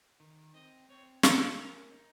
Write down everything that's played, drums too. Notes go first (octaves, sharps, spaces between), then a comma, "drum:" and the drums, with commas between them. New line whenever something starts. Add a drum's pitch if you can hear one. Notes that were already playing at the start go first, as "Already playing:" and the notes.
D#3
C4 D#5
C4 C#5
D#3 C5, drum: snare
F3
G#3
C4
C#4 A#4
D#4